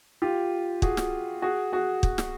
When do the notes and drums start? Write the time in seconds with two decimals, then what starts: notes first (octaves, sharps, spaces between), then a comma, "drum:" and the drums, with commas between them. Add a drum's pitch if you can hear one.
0.22 F4 G4
0.82 F#4 G#4, drum: kick
0.97 drum: snare
1.42 F#4 G#4
1.72 F#4 G#4
2.03 drum: kick
2.18 drum: snare